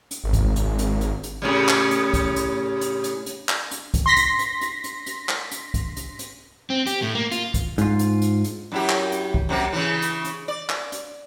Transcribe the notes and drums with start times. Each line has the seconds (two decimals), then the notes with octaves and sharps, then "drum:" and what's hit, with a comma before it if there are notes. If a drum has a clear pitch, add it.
0.11 drum: hi-hat
0.23 G#1
0.33 drum: kick C2, hi-hat
0.56 drum: hi-hat
0.78 drum: hi-hat
1.01 drum: hi-hat
1.23 drum: hi-hat
1.42 A2 C#3 G3
1.68 drum: clap
1.91 drum: hi-hat
2.14 drum: kick C2, hi-hat
2.36 drum: hi-hat
2.81 drum: hi-hat
3.04 drum: hi-hat
3.26 drum: hi-hat
3.49 drum: clap
3.71 drum: hi-hat
3.94 drum: kick C2, hi-hat
4.06 C6 A#6 B6
4.16 drum: hi-hat
4.39 drum: hi-hat
4.61 drum: hi-hat
4.84 drum: hi-hat
5.06 drum: hi-hat
5.29 drum: clap
5.51 drum: hi-hat
5.74 drum: kick C2, hi-hat
5.96 drum: hi-hat
6.19 drum: hi-hat
6.70 C4
6.87 G4, drum: hi-hat
7.02 A2
7.15 A#3
7.32 F4, drum: hi-hat
7.54 drum: kick C2, hi-hat
7.78 G#2 F4, drum: hi-hat
7.99 drum: hi-hat
8.22 drum: hi-hat
8.44 drum: hi-hat
8.72 F#2 E4 G4
8.89 drum: clap
9.12 drum: hi-hat
9.34 drum: kick C2
9.49 F#2 C3 A#3
9.73 C#3 E3
10.02 drum: hi-hat
10.24 drum: hi-hat
10.48 D5
10.70 drum: clap
10.92 drum: hi-hat